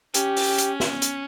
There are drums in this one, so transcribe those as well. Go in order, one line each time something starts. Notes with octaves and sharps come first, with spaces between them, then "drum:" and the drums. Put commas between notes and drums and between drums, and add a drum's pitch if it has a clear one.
C#4 G4, drum: hi-hat
drum: open hi-hat
drum: hi-hat
drum: snare
drum: hi-hat